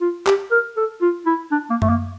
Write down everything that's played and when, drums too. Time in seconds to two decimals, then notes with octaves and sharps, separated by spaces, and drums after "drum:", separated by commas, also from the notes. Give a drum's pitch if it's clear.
0.01 F4
0.27 G4, drum: clap
0.51 A#4
0.77 A4
1.02 F4
1.26 E4
1.52 D4
1.70 A#3
1.82 A3, drum: tom F#2
1.89 A#3